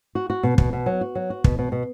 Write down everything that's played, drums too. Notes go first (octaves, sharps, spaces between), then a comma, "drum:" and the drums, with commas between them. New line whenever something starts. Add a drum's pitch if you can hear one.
F#4
F#4
B2
B2, drum: kick
B2
F#3
F#4
F#3
F#4
B2, drum: kick
B2
B2